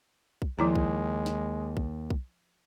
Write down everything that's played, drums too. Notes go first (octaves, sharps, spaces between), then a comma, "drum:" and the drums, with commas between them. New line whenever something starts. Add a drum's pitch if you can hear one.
drum: kick B1
D#2 F3 G#3 E4 A#5
drum: kick B1
drum: snare
drum: kick B1
drum: kick B1